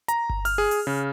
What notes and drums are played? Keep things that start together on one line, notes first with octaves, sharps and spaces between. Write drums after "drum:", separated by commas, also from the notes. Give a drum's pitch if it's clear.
A#5, drum: hi-hat
drum: kick G1
F6, drum: open hi-hat
G#4
drum: open hi-hat
C#3